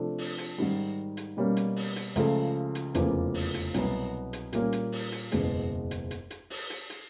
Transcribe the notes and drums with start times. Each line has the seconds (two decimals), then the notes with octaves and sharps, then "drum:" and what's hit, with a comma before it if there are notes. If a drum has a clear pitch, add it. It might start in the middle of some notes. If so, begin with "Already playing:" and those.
Already playing: C3 F3 A3 D4
0.18 drum: open hi-hat
0.38 drum: hi-hat
0.58 G#2 D#3 G3
1.17 drum: hi-hat
1.37 B2 G3 A#3 C#4
1.57 drum: hi-hat
1.76 drum: open hi-hat
1.96 drum: hi-hat
2.16 C#2 C#3 F3 A3, drum: hi-hat
2.75 drum: hi-hat
2.95 F1 E2 C#3 F3 A#3, drum: hi-hat
3.34 drum: open hi-hat
3.54 drum: hi-hat
3.74 C2 B2 F#3 B3, drum: hi-hat
4.33 drum: hi-hat
4.53 A#2 G3 A#3 C#4, drum: hi-hat
4.73 drum: hi-hat
4.92 drum: open hi-hat
5.12 drum: hi-hat
5.32 F#1 E2 B2 G#3, drum: hi-hat
5.91 drum: hi-hat
6.11 drum: hi-hat
6.30 drum: hi-hat
6.50 drum: open hi-hat
6.70 drum: hi-hat
6.90 drum: hi-hat